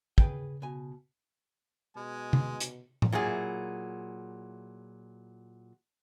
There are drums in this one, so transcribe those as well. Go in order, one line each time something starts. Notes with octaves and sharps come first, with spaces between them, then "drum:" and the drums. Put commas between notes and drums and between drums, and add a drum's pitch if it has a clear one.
C#3 G#4 B4 G5, drum: kick
B2 G#5
B2 G#3 G#5
drum: tom C3
drum: hi-hat
drum: tom A2
A#2 F#3 E4 G#4